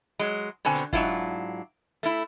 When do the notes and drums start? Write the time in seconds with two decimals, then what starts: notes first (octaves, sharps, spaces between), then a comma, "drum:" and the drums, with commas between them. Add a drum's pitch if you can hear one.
0.19 F#3 G#3
0.65 B2 D3 C4 G#5
0.75 drum: hi-hat
0.93 G#2 F#3 D4 E4 F4, drum: kick
2.03 A3 E4, drum: hi-hat